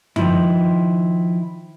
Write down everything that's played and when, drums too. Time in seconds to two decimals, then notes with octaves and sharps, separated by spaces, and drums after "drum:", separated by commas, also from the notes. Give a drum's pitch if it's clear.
0.16 D#3 F3 E4, drum: tom F#2